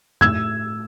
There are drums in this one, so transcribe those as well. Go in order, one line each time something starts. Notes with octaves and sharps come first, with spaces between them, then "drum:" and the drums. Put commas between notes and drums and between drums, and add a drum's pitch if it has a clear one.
A2 E6 G#6, drum: tom F2